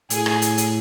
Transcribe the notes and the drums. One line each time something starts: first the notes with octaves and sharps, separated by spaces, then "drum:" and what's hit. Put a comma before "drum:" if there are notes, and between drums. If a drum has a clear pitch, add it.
A2 G#4, drum: hi-hat
drum: rim click
drum: hi-hat
drum: hi-hat